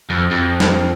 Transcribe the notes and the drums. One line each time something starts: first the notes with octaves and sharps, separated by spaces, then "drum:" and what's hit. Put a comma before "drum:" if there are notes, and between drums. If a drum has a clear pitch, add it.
F2
F2
drum: snare